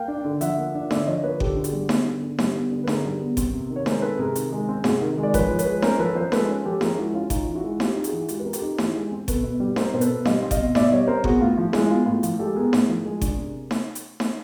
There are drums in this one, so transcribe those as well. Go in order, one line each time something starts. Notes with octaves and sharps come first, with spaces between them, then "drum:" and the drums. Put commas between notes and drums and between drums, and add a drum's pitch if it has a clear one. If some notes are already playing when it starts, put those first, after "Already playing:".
Already playing: A#3 F5 G5
D4
D3
F3 E5 F#5, drum: hi-hat
A#3
D4
D3 D5 E5, drum: snare D#4
F3 C#5 D#5
A#3 B4 C#5
D3 G4 A4, drum: kick G1
D3
F#4 G#4, drum: hi-hat
G3
B3, drum: snare D#4
D3
D3
G3, drum: snare D#4
B3
D3
B4
D3 G#4 A#4, drum: snare D#4
G3
B3
C4, drum: kick G1, hi-hat
C3
D#3
C#5
G#3 A#4 C5, drum: snare D#4
C4 A4 B4
C3 G#4 A#4
D#3, drum: hi-hat
G#3
C4
C3 F#4 G#4, drum: snare D#4
D#3
G#3
D5
F3 B4 C#5, drum: kick G1, hi-hat
F3
B4 C#5, drum: hi-hat
G#3
C#4 A#4 C5, drum: snare D#4
F3 A4 B4
F3 A#4 C5
G#3 A4 B4, drum: snare D#4
C#4
F3 G4 A4
F3 G#4 A#4, drum: snare D#4
G#3 E4 F#4
C#4 F4
D#4 F4, drum: kick G1, hi-hat
E3
E4 F#4
G#3
C4 F4 G4, drum: snare D#4
D#4
F#4 G#4, drum: hi-hat
E3
G#3 F4 G4, drum: hi-hat
B4
C4 A#4
G4 A4, drum: hi-hat
D#4
E3, drum: snare D#4
G#3
C4
B2 A4 B4, drum: kick G1, hi-hat
B2
G3
C4 A#4 C5, drum: snare D#4
B2 C5
A4 B4, drum: hi-hat
B2
G3 D#5 F5, drum: snare D#4
C4
D#5 F5, drum: kick G1, hi-hat
B2
B2 D5 E5, drum: snare D#4
G3 C#5 D#5
C4 A#4 C5
B3 F#4 G#4, drum: kick G1
A2 F4
F3 F4
G#3 E4, drum: snare D#4
B3 F4
A2 F4
F3 F4, drum: hi-hat
G#3 G4 A4
B3 G#4 A#4
A2, drum: snare D#4
F3
G#3
D4, drum: kick G1, hi-hat
C3
drum: snare D#4
drum: hi-hat
drum: snare D#4